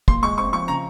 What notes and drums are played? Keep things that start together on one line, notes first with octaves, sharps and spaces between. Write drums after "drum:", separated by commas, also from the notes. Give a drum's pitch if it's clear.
A#2 C6, drum: kick
G#3 C#6
C4 C#6
F3 C#6
C#3 A#5